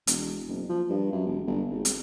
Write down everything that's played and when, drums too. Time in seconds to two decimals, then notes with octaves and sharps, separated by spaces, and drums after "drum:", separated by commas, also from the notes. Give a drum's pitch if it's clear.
0.07 E1, drum: hi-hat
0.48 F#1
0.69 F3
0.90 G2
1.12 F#2
1.26 E1
1.47 G1
1.71 G#1
1.85 drum: hi-hat